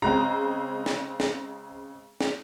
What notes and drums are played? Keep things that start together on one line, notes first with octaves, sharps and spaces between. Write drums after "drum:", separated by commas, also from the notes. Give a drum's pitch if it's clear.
C#3 G#3 C4 A#5
drum: snare
drum: snare
drum: snare